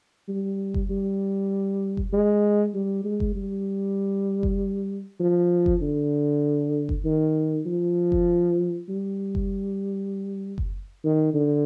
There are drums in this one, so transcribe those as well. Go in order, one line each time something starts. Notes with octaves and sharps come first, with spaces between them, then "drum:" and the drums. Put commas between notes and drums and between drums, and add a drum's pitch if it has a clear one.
G3
drum: kick F#1
G3
drum: kick F#1
G#3
G3
G#3
drum: kick F#1
G3
drum: kick F#1
F3
drum: kick F#1
D3
drum: kick F#1
D#3
F3
drum: kick F#1
G3
drum: kick F#1
drum: kick F#1
D#3
D3